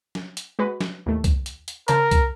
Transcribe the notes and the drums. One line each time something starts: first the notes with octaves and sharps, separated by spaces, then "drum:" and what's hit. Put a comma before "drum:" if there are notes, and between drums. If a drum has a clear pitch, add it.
drum: snare
drum: hi-hat
G#3 F#4 B4
drum: snare
D#2 A2 A3
drum: kick C2, hi-hat
drum: hi-hat
drum: hi-hat
C#3 A#4 C5 A5, drum: hi-hat
drum: kick C2, hi-hat